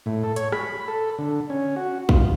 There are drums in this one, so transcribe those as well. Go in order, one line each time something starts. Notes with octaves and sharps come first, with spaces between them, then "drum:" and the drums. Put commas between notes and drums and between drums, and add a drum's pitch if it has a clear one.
A2
A4
C#5, drum: hi-hat
B5, drum: rim click
A4
D3
C#4
F#4
F4, drum: kick